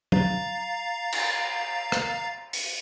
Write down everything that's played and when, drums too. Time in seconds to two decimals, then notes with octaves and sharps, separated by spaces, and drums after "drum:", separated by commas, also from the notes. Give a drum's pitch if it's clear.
0.12 F5 A#5 A6, drum: tom
1.12 drum: cymbal
1.92 drum: rim click
2.53 drum: open hi-hat